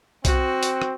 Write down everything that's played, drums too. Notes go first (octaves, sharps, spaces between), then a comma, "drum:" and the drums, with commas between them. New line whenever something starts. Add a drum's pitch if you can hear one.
C4 F#4, drum: kick B1, hi-hat
drum: hi-hat
drum: rim click